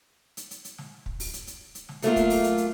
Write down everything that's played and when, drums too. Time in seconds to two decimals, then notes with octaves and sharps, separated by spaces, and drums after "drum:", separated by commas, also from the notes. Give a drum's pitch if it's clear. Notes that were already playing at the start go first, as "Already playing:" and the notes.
0.37 drum: hi-hat
0.51 drum: hi-hat
0.65 drum: hi-hat
0.78 drum: snare
1.06 drum: kick
1.20 drum: open hi-hat
1.33 drum: hi-hat
1.47 drum: hi-hat
1.75 drum: hi-hat
1.89 drum: snare
2.02 F#3 A3 A#3 F4, drum: hi-hat
2.16 drum: kick, hi-hat
2.30 drum: open hi-hat
2.44 drum: hi-hat
2.58 drum: hi-hat